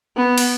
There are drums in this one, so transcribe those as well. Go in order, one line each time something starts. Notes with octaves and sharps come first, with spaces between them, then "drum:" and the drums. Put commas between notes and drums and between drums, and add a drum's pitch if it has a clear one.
B3
drum: cymbal